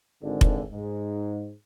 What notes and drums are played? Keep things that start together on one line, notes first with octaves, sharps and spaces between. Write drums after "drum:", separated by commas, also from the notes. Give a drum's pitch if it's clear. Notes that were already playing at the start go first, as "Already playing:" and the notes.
G#1 D3
drum: kick F1
G#2